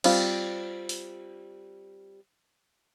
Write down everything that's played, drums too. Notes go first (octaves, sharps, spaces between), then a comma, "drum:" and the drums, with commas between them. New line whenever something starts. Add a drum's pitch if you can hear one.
G3 C4 F4, drum: cymbal
drum: open hi-hat